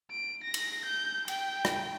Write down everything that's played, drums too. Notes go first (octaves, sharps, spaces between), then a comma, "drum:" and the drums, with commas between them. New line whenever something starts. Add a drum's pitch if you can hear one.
D7
A#6
drum: cymbal
G6
G5, drum: cymbal
drum: rim click